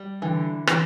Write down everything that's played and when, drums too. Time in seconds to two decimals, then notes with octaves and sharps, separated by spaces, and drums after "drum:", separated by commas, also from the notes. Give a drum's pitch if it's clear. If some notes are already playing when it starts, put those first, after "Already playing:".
Already playing: G3
0.22 D3 E3
0.67 E3, drum: rim click